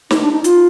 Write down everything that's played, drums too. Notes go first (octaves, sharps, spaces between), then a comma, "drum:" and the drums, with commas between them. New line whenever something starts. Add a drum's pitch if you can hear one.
D#4, drum: snare
D4
D#4
F4, drum: hi-hat